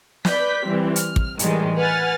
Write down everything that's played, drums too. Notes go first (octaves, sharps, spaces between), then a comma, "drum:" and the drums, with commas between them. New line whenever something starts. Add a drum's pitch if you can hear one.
B4 D5 G6 B6, drum: snare
E3 G3 C4
F6, drum: hi-hat
drum: kick
A2 D#3 E3 G3 G#3, drum: hi-hat
B4 F#5 G#5 F6 A6